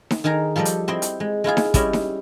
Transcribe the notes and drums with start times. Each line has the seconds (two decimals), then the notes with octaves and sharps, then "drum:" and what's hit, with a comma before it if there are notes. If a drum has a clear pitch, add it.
0.11 drum: snare D#4
0.24 D#3 D#4 G#4 A#4 A#5
0.56 F3 G3 A4 D5 D#5
0.65 drum: hi-hat
0.88 C4 E4 C5 D#5 G5
1.02 drum: hi-hat
1.20 G#3
1.44 G#3 E4 F4 G#4
1.57 drum: snare D#4
1.74 G3 C#4 E4 D5 D#5, drum: kick, hi-hat
1.93 drum: snare D#4